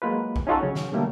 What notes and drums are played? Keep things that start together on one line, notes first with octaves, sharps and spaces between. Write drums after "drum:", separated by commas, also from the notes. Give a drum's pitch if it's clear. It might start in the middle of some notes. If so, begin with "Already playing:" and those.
F#3 G#3 A#3 F4 B4
drum: kick A#1
C#4 D#4 F4 F#4 A4
C#3 F#3 C#4
drum: snare
B2 D3 F#3 G3 A3 A#3